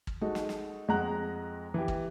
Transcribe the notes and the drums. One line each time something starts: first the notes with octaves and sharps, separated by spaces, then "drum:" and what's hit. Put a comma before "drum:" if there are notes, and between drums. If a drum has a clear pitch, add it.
drum: kick
G#3 D#4 F#4 A4
drum: snare
drum: snare
F2 G#3 F#5 A#5 F#6
E3 G4
drum: kick